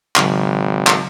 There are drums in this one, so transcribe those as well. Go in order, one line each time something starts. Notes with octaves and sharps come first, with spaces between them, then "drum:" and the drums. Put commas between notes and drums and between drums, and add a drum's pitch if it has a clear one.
G#1 C#3 F#3, drum: clap
drum: clap